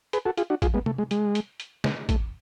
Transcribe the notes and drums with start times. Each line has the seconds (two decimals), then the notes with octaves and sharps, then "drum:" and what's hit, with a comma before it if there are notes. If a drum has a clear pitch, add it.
0.13 G#4 B4, drum: hi-hat
0.25 F#4 A4
0.37 F4 G#4, drum: hi-hat
0.50 D4 F#4
0.62 F4 G#4, drum: kick A1, hi-hat
0.74 G#3 B3
0.86 A3, drum: tom C3
0.98 G#3
1.11 G#3, drum: hi-hat
1.35 drum: hi-hat
1.60 drum: hi-hat
1.84 drum: snare
2.09 A3, drum: kick A1, hi-hat